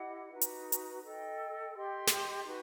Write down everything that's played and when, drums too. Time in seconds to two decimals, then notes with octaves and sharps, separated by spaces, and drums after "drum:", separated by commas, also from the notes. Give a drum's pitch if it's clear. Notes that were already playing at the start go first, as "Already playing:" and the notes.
Already playing: E4 G4 D#5 F#5
0.31 D#4 F#4 B4
0.41 drum: hi-hat
0.72 drum: hi-hat
1.03 A4 D#5 G5
1.74 G4 D#5 G5 C6
2.07 drum: snare
2.45 D#4 F#4 B4